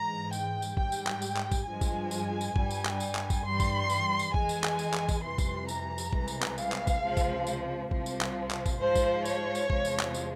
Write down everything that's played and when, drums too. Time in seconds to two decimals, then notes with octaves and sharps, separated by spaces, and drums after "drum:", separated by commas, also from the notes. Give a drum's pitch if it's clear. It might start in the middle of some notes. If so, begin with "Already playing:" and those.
Already playing: G#2 E3 G#3 A#5
0.33 G5, drum: tambourine
0.62 drum: tambourine
0.77 G#2 G3 G5, drum: kick A1
0.92 drum: tambourine
1.07 drum: clap
1.22 drum: tambourine
1.37 drum: clap
1.52 drum: kick A1, tambourine
1.66 G2 F3 G#3 G#5
1.81 drum: kick A1, tambourine
2.11 drum: tambourine
2.41 drum: tambourine
2.56 G2 G3, drum: kick A1
2.71 drum: tambourine
2.85 drum: clap
3.00 drum: tambourine
3.15 drum: clap
3.30 drum: kick A1, tambourine
3.44 G2 E3 G3 C6
3.60 drum: kick A1, tambourine
3.90 drum: tambourine
4.19 drum: tambourine
4.34 F2 E3 G#3 G#5, drum: kick A1
4.49 drum: tambourine
4.64 drum: clap
4.79 drum: tambourine
4.94 drum: clap
5.09 drum: kick A1, tambourine
5.24 F2 C3 E3 G3 C6
5.38 drum: kick A1, tambourine
5.69 A#5, drum: tambourine
5.98 drum: tambourine
6.13 C2 C3 E3 G#3, drum: kick A1
6.28 drum: tambourine
6.42 drum: clap
6.58 F5, drum: tambourine
6.72 drum: clap
6.87 drum: kick A1, tambourine
7.02 C#2 C3 F3 G#3
7.17 drum: kick A1, tambourine
7.47 drum: tambourine
7.91 C2 C3 F3, drum: kick A1
8.06 drum: tambourine
8.21 drum: clap
8.51 drum: clap
8.66 drum: kick A1, tambourine
8.80 G#2 F3 G#3 C5
8.95 drum: kick A1, tambourine
9.25 C#5, drum: tambourine
9.55 drum: tambourine
9.70 E2 C3 F3 G#3, drum: kick A1
9.85 drum: tambourine
10.00 drum: clap
10.14 drum: tambourine